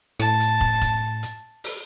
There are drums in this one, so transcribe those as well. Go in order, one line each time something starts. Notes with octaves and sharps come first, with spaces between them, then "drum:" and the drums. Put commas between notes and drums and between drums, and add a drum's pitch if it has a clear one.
A2 A5, drum: rim click
drum: hi-hat
drum: kick
drum: kick, hi-hat
drum: hi-hat
drum: open hi-hat